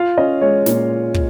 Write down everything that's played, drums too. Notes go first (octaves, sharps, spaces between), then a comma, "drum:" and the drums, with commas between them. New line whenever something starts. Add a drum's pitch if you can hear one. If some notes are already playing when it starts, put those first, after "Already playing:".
Already playing: F4 F5
C#4 D#5
G#3 C#5
A#2, drum: snare
drum: kick